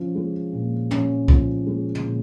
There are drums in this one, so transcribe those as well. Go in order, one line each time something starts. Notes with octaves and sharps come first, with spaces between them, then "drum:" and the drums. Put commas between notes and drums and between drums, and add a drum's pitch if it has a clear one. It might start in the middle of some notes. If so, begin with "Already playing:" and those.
Already playing: F3 C#4
G#3
A#2
C#4, drum: tom
F3, drum: kick C2
G#3
drum: tom
A#2